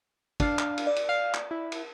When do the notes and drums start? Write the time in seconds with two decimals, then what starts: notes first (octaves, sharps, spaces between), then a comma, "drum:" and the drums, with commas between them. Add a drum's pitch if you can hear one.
0.40 D4 F5, drum: kick, cymbal
0.59 drum: clap
0.78 drum: cymbal
0.87 D5
0.96 drum: cymbal
1.09 F5
1.34 drum: clap
1.51 E4
1.72 drum: cymbal